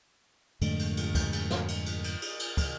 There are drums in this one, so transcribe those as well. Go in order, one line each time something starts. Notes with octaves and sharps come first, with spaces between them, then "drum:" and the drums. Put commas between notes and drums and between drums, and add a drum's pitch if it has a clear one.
F2 G#2 D3 A3, drum: cymbal
drum: cymbal
drum: cymbal
drum: kick, cymbal
drum: cymbal
drum: snare
drum: cymbal
drum: cymbal
drum: cymbal
drum: cymbal
drum: cymbal
drum: kick, cymbal